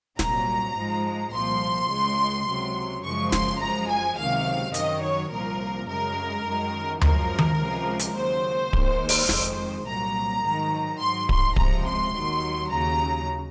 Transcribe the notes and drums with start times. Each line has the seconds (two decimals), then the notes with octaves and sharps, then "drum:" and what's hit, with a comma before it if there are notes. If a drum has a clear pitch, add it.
0.19 C2 A#2 F#3 A#5, drum: snare
0.76 G#2 F3 G#3
1.33 C2 A#2 F3 C6
1.90 C#2 C#3 G#3
2.47 C#2 C3 F#3
3.03 F#2 C#3 F3 G#3 C#6
3.32 C6, drum: snare
3.60 F#2 F3 G#3 A#5
3.90 G#5
4.18 C#2 C3 D#3 F#3 F5
4.74 F#2 D#3 F#3 D#5, drum: hi-hat
5.02 C#5
5.31 C2 A#2 F3 A#4
5.88 F#2 C#3 G#3 A#4
6.45 F#2 D#3 G#3
7.01 F#2 F3 G#3 A#4, drum: tom D2
7.39 drum: tom D#3
7.58 C#2 C3 F3 G#3
7.99 drum: hi-hat
8.16 D#2 C#3 F#3 C5
8.73 D#2 D#3 G#3, drum: kick D1
9.09 drum: open hi-hat
9.29 F2 D#3 G#3, drum: snare
9.86 C2 A#2 F#3 A#5
10.43 G#2 D#3 F#3
11.00 G#2 F#3 C6
11.29 C6, drum: kick D1
11.56 C#2 C3 F3 G#3 A#5, drum: kick D1
11.86 C6
12.13 D#2 D#3 F#3
12.70 D#2 C#3 F#3 A#5